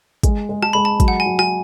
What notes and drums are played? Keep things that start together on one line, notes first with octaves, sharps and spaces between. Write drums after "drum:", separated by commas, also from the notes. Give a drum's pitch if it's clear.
G#3, drum: kick, hi-hat
G#3
A5, drum: rim click
G#3 B5
A5
F#3, drum: kick, hi-hat
F#5
G#5
F#3
G#5, drum: rim click